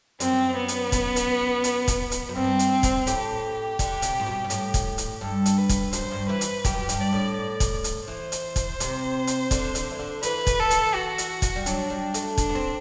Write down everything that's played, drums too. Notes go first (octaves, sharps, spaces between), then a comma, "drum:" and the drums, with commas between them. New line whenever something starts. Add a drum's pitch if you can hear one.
F#2 C4, drum: hi-hat
B3
drum: hi-hat
drum: kick, hi-hat
drum: hi-hat
drum: hi-hat
drum: kick, hi-hat
drum: hi-hat
F#2
G2 C4
drum: hi-hat
drum: kick, hi-hat
A2 G4, drum: hi-hat
D3, drum: kick, hi-hat
C3, drum: hi-hat
A2
B2
G2
A2, drum: hi-hat
drum: kick, hi-hat
drum: hi-hat
G2 A4
drum: hi-hat
B4
drum: kick, hi-hat
F#2 C5, drum: hi-hat
G2
E3 B4
drum: hi-hat
F#2 G4, drum: kick, hi-hat
G2, drum: hi-hat
D5
A2
D5
drum: kick, hi-hat
drum: hi-hat
E3 C5
drum: hi-hat
drum: kick, hi-hat
C3, drum: hi-hat
drum: hi-hat
D3, drum: kick, hi-hat
D3, drum: hi-hat
E3
D3
E3 B4, drum: hi-hat
drum: kick, hi-hat
A4
drum: hi-hat
F#4
drum: hi-hat
drum: kick, hi-hat
G3
F#3 D4, drum: hi-hat
G3
A3, drum: hi-hat
D4, drum: kick, hi-hat
B3
C4